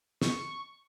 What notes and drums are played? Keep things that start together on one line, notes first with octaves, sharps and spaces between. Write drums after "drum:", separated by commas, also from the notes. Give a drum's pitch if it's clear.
C#6, drum: snare